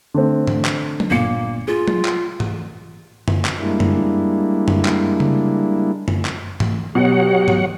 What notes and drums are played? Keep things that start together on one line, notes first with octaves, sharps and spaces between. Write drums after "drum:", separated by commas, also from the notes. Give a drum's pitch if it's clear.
D3 A3 C4
drum: tom G#2
drum: clap
drum: tom
G1 A#2 A#3 C#7
F4 G#4
drum: tom
drum: clap
drum: tom G#2
drum: tom F#2
drum: clap
G3 G#3 A#3 D4 E4
drum: tom F#2
drum: tom F#2
drum: clap
drum: tom C#3
drum: tom F#2
drum: clap
drum: tom G#2
B2 F#3 G4 F#5
drum: tom G#2